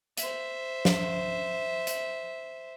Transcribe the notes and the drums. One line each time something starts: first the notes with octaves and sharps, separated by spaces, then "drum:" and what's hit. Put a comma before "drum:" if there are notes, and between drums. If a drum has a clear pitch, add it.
C5 E5, drum: hi-hat
drum: snare
drum: hi-hat